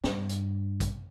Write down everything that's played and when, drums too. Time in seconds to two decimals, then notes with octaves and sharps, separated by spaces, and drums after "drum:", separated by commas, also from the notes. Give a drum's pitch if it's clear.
0.04 G2, drum: snare
0.29 drum: hi-hat
0.80 drum: kick A1, hi-hat